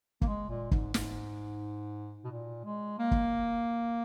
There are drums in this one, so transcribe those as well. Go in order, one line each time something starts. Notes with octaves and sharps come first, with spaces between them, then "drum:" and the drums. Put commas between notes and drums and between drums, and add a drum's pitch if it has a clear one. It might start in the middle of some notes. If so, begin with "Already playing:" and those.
A#3, drum: kick
G#3
A#2
G#2, drum: kick
G#2, drum: snare
B2
A#2
G#3
A#3
drum: kick